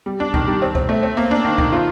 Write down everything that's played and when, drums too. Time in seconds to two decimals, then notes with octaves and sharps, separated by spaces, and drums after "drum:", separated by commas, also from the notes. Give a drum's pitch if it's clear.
0.06 G3
0.20 D4
0.34 D#3, drum: kick
0.47 G3
0.62 C4
0.75 C4, drum: kick
0.89 A3
1.03 C4
1.17 A#3
1.31 D4
1.45 D#3
1.58 D#3, drum: kick
1.73 F4